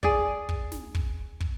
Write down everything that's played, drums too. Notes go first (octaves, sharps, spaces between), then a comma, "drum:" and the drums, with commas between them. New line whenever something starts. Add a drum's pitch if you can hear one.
G#4 D5, drum: kick
drum: kick
drum: snare
drum: kick
drum: kick